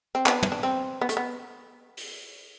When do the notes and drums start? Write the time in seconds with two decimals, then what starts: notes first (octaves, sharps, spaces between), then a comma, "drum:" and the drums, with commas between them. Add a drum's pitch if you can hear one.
0.15 C4
0.26 B3, drum: clap
0.43 drum: tom
0.52 D4
0.63 C4
1.01 B3
1.09 A3, drum: hi-hat
1.17 B3
1.97 drum: open hi-hat